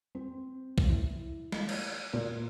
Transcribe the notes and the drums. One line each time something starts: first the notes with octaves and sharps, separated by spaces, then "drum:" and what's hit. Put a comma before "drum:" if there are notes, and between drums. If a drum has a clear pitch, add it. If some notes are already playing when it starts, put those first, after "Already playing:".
C4
drum: kick B1
E4
drum: snare
drum: cymbal
A#2